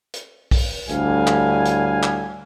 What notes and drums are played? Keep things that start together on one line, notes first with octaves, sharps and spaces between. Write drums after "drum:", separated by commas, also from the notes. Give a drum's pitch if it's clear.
drum: hi-hat
drum: kick B1, open hi-hat
D2 A2 D3 G3 F5 G#5, drum: hi-hat
drum: clap
drum: hi-hat
drum: clap